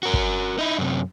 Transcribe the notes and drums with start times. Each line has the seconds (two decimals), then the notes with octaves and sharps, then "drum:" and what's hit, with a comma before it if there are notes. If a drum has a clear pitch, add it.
0.03 F#4 A#4
0.14 drum: kick
0.58 D#4 E4
0.78 F#2 C3